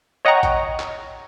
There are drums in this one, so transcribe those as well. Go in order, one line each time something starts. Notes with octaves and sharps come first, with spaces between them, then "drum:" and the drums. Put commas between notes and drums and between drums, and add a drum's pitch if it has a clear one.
C#5 D#5 F#5 G5 A#5 C#6
drum: kick A1, hi-hat
drum: clap